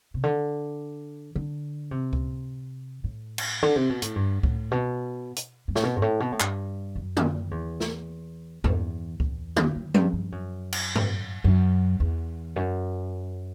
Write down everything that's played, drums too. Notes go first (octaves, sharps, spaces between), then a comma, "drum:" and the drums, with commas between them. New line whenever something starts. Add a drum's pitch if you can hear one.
C3
D3
D3
C3
drum: kick C#2
A2
drum: cymbal
D3
C3
B2
A2, drum: hi-hat
G2
A2, drum: kick C#2
B2
drum: hi-hat
G2
A2, drum: snare
B2
G2
A2
B2
A2
G2, drum: clap
F#2
drum: tom
E2
drum: snare
E2, drum: tom G2
E2, drum: kick C#2
drum: tom
F#2
G2, drum: tom F3
G2
F#2
drum: cymbal
drum: tom G2
F#2
E2
F#2